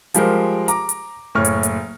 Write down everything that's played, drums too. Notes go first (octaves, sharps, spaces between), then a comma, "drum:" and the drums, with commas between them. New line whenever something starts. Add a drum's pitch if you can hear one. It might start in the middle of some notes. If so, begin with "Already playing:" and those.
F3 G3 G#3 G4 A#4 C5, drum: hi-hat
A#5 D6, drum: hi-hat
drum: hi-hat
F#1 A2 C#5 C#6 F6
drum: hi-hat
drum: hi-hat